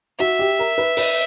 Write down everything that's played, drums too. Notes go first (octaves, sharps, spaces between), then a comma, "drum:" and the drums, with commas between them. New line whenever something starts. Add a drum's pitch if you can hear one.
F#4 E5
G4
A#4
B4
B4, drum: open hi-hat